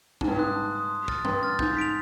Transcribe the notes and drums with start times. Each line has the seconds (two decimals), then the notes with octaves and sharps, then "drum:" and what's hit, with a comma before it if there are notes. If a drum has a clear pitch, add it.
0.21 G#2 A5, drum: kick
0.28 G2
0.36 G#2 C6 D#6 F#6
0.56 A5
0.73 C6 D#6 F#6
0.90 C6
1.08 F6 A6, drum: kick
1.25 G2 C6, drum: tom
1.43 F6 A6
1.59 G#2 G6, drum: kick
1.77 B6 D7 F7